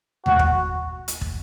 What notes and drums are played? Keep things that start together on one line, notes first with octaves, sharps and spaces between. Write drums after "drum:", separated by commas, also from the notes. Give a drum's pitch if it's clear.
F#4, drum: tom D#2
drum: kick
drum: hi-hat
drum: kick